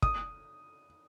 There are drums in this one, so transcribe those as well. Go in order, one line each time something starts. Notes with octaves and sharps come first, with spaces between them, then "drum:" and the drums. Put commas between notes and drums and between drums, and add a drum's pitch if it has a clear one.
D#6, drum: kick